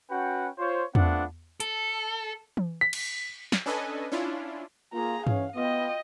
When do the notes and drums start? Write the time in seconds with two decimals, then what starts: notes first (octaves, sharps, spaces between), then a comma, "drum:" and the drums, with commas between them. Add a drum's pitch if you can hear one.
0.11 C#4 F#4 B4 F#5 G5
0.58 F4 C5 C#5
0.95 A3 B3 C4 D4 F4 F#5, drum: tom E2
1.60 A4, drum: hi-hat
2.57 drum: tom E3
2.81 B6
2.93 drum: cymbal
3.52 drum: snare
3.66 C#4 D4 A4 B4 D#5 G#5
4.12 C#4 D4 E4 F4
4.94 A#3 F4 G#4 A#5
5.27 E3 C#4 F5, drum: tom G2
5.56 B3 F4 D#5 G5